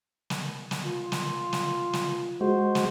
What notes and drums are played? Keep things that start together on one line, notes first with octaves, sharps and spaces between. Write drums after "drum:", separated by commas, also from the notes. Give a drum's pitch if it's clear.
drum: snare
drum: snare
F4
drum: snare
drum: snare
drum: snare
G#3 F#4 C5
drum: snare